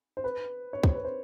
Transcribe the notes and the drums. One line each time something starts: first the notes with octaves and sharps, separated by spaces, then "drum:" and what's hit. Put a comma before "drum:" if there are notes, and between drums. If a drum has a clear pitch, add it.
C5
B4
C#5
C5, drum: kick
B4
C5